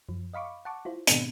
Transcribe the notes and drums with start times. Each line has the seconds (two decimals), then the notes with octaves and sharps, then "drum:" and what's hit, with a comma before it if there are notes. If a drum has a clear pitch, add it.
0.09 F#2 F3
0.34 D#5 F5 B5 C#6 D6
0.65 F#5 A5 C#6 D6
0.85 E4 F4 C5
1.07 G#2 B2 D#3 B3 C4 D4, drum: hi-hat